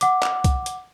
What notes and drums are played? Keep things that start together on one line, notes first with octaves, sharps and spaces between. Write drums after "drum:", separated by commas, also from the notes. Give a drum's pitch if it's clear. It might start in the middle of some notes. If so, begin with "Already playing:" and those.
F#5 D6, drum: hi-hat
drum: clap
drum: kick C2, hi-hat
drum: hi-hat